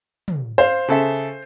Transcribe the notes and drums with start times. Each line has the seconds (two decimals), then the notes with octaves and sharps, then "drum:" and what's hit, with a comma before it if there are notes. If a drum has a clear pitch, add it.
0.28 drum: tom
0.58 C5 F5
0.88 C#3 A4 E5